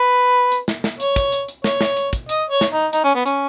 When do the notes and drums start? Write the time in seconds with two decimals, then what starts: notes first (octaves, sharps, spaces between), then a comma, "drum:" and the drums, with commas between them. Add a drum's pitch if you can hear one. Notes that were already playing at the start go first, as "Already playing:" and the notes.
Already playing: B4
0.52 drum: hi-hat
0.68 drum: snare
0.84 drum: snare
1.00 C#5, drum: hi-hat
1.16 drum: kick, hi-hat
1.32 drum: hi-hat
1.48 drum: hi-hat
1.64 C#5, drum: snare
1.81 drum: snare
1.97 drum: hi-hat
2.13 drum: kick, hi-hat
2.29 D#5, drum: hi-hat
2.50 C#5
2.61 drum: snare
2.72 D#4
2.93 D#4, drum: hi-hat
3.04 C#4
3.15 B3
3.26 C#4, drum: hi-hat